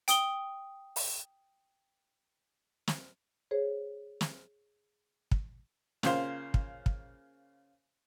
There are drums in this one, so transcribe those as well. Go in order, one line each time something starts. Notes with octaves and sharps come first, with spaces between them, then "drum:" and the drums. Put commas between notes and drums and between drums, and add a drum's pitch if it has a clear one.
G5 D#6 G7, drum: hi-hat
drum: open hi-hat
drum: snare
G#4 C5 C#5
drum: snare
drum: kick
C#3 A#3 F4 C5 C6, drum: snare
drum: kick
drum: kick